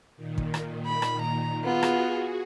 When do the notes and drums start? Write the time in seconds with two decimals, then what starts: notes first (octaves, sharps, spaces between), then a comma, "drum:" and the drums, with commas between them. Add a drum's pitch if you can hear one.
0.17 A#2 D#3
0.38 drum: kick
0.54 drum: rim click
0.86 B5
1.02 drum: rim click
1.22 A#5
1.63 B3 F4 F#4 G#4
1.83 drum: rim click